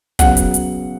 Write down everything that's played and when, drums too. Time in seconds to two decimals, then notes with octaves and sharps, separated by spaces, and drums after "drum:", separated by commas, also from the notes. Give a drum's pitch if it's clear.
0.19 C#3 F#3 B3 F#5, drum: kick, hi-hat
0.37 drum: hi-hat
0.54 drum: hi-hat